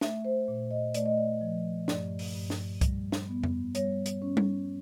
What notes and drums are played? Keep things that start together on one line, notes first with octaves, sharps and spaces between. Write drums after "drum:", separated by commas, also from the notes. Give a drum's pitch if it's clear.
A3 E5, drum: snare
C5
A#2
D#5
A3 D5, drum: hi-hat
D#5
D5
F3
G2 D5, drum: snare
drum: open hi-hat
G2
drum: snare
G3, drum: kick C2, hi-hat
drum: snare
B3
drum: tom F2
G3 C#5, drum: hi-hat
drum: hi-hat
C#4
drum: tom G3